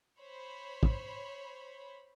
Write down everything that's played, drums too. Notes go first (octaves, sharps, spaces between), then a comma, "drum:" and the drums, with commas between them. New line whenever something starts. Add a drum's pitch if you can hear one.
C5 C#5 B5
drum: kick